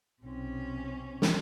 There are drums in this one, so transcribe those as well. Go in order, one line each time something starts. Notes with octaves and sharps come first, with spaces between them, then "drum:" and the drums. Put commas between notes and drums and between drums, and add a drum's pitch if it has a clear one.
B1 C3 C4 C#4
drum: snare